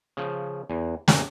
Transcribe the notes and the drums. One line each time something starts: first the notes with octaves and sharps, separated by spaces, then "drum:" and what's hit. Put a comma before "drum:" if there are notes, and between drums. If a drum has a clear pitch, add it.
C#3 F3
E2
F2 A#2 F#3 A3 G4 A4, drum: snare